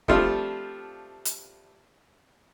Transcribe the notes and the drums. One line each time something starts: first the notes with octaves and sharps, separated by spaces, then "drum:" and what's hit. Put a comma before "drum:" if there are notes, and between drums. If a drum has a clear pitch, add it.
F3 G3 A3 C4 D4 F4, drum: kick
drum: hi-hat